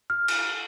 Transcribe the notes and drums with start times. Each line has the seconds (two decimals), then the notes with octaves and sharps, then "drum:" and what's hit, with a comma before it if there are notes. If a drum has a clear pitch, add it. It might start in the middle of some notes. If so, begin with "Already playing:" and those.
0.10 F6
0.28 drum: cymbal